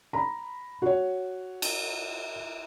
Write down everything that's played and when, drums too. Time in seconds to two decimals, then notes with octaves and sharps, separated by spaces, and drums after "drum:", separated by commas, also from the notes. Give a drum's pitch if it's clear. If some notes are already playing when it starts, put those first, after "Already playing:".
0.13 A#5 B5
0.82 F#4 C#5
1.62 drum: cymbal